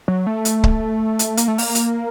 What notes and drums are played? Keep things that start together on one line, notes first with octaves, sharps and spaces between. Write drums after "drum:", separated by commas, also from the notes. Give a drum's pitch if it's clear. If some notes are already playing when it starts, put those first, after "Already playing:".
F#3
A3
drum: hi-hat
drum: kick C#1
drum: hi-hat
A#3, drum: hi-hat
A3
A#3, drum: open hi-hat
drum: hi-hat